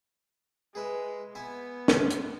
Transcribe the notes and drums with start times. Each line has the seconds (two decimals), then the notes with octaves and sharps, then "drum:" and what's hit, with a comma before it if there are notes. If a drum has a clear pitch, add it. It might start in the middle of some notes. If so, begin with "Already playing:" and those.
0.75 G#3 G#4 B4 E5
1.35 B3 E4 E5 G#5
1.88 drum: snare
2.10 drum: hi-hat